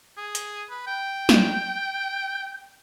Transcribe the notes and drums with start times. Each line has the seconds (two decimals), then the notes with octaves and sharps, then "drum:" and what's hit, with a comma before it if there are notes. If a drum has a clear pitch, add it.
0.17 G#4
0.35 drum: hi-hat
0.70 B4
0.87 G5
1.29 drum: snare